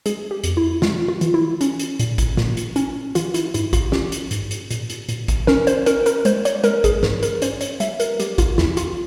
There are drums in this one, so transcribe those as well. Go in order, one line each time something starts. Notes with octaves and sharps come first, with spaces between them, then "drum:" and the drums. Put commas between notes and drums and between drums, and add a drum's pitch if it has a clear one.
G#3 G#4, drum: hi-hat
G4
F2, drum: hi-hat
E4
G#3 F4, drum: snare
F4
E3, drum: hi-hat
E4
C#4, drum: hi-hat
drum: hi-hat
A#2, drum: hi-hat
drum: kick, hi-hat
A#2, drum: snare
drum: hi-hat
C#4, drum: hi-hat
E3 F4, drum: hi-hat
E4, drum: hi-hat
G#2 E4, drum: hi-hat
F4, drum: kick, hi-hat
C#4 G4, drum: snare
drum: hi-hat
G#2, drum: hi-hat
drum: hi-hat
A#2, drum: hi-hat
drum: hi-hat
A#2, drum: hi-hat
drum: kick, hi-hat
C#4 A#4, drum: snare
C5, drum: hi-hat
C#4 A#4, drum: hi-hat
A#4, drum: hi-hat
G#3 C5, drum: hi-hat
C#5, drum: hi-hat
G#3 A#4, drum: hi-hat
G#4, drum: kick, hi-hat
G#2 A#4, drum: snare
A#4, drum: hi-hat
C#4 C5, drum: hi-hat
C#5, drum: hi-hat
G3 E5, drum: hi-hat
A#4, drum: hi-hat
G3 G4, drum: hi-hat
F4, drum: kick, hi-hat
E2 E4, drum: snare
F4, drum: hi-hat